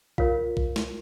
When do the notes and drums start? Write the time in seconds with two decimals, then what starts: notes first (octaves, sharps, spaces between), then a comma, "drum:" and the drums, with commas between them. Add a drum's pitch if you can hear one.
0.18 F4 A#4 C#5 F5, drum: kick
0.57 drum: kick
0.76 drum: snare